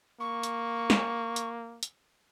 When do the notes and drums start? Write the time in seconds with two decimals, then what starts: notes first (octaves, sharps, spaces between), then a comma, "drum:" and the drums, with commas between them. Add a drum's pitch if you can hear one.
0.20 A#3 C#6
0.43 drum: hi-hat
0.90 drum: snare
1.36 drum: hi-hat
1.83 drum: hi-hat